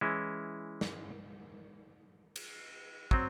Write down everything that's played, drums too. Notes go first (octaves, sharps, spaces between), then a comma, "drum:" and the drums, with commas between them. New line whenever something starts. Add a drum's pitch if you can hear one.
E3 G#3 C#4 E4
drum: snare
drum: cymbal
F#3 C4, drum: kick